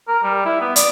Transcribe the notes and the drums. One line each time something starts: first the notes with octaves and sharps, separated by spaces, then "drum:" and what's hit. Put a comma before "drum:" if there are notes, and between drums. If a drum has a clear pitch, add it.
A#4
G3
E4
B3
D5, drum: hi-hat